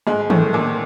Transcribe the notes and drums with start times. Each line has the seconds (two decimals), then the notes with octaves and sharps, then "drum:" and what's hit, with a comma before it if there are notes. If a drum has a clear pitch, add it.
0.07 G#2 G#3
0.30 A2 A3, drum: tom D#3
0.53 A#2 A#3